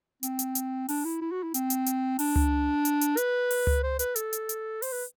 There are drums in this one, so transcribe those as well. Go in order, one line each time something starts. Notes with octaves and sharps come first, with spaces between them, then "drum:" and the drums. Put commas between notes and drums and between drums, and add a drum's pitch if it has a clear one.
C4, drum: hi-hat
drum: hi-hat
drum: hi-hat
D4, drum: open hi-hat
E4
E4
F#4
E4
C4, drum: hi-hat
drum: hi-hat
drum: hi-hat
D4, drum: open hi-hat
drum: tom C#2
drum: hi-hat
drum: hi-hat
B4, drum: hi-hat
drum: open hi-hat
drum: tom C#2
C5
B4, drum: hi-hat
A4, drum: hi-hat
drum: hi-hat
drum: hi-hat
C5, drum: open hi-hat
B4